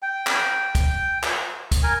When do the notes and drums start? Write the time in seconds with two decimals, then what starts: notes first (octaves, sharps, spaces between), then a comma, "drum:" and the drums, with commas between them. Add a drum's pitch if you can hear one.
0.02 G5
0.27 drum: clap
0.75 drum: kick, hi-hat
1.23 drum: clap
1.72 drum: kick, hi-hat
1.83 A#4 G#5